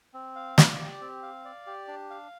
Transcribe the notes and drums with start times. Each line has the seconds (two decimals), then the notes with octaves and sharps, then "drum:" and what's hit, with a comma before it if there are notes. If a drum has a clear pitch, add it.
0.14 C4
0.36 F5
0.58 D5, drum: snare
0.80 G4
1.01 C4
1.23 F5
1.45 D5
1.67 G4
1.88 D4
2.10 F5